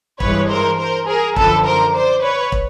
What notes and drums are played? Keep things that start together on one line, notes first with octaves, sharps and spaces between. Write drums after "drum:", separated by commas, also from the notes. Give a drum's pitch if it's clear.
G2 E3 G#3 B4 C#5, drum: kick
A#4 C5
A#4 C5
G#4 A#4
F#2 D3 F3 A4 B4, drum: kick
A#4 C5
C5 D5
B4 C#5
drum: kick